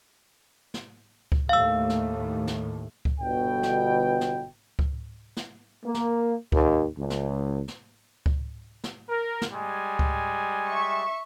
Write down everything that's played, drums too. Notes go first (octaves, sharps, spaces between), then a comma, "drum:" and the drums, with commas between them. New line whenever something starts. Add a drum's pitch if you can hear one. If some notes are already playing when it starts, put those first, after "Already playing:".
drum: snare
drum: kick C#2
D#2 A2 A3 F5 E6
drum: snare
drum: snare
drum: kick C#2
G1 B2 G5
drum: snare
drum: snare
drum: kick C#2
drum: snare
A#3
drum: snare
D#2, drum: kick C#2
C#2
drum: snare
drum: snare
drum: kick C#2
drum: snare
A#4
drum: snare
G3 G#3 G#5
drum: kick C#2
E5 C#6